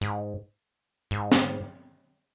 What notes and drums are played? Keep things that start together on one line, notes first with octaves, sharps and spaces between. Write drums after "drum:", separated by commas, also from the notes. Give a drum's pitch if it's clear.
G#2
G#2
drum: snare